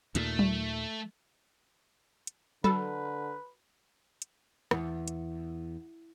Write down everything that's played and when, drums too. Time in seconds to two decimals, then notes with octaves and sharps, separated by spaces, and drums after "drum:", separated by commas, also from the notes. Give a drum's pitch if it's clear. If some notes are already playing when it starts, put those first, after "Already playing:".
0.15 D#2 A#2 A3, drum: hi-hat
0.39 drum: tom F#3
2.27 drum: hi-hat
2.64 D3 F#4 A4 B4 B5, drum: tom F#3
4.22 drum: hi-hat
4.71 E2, drum: rim click
5.08 drum: hi-hat